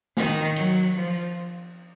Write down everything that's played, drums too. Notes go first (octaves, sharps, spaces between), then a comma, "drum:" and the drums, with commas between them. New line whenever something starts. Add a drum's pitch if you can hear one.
D#3, drum: snare
F#3, drum: cymbal
F3
drum: tambourine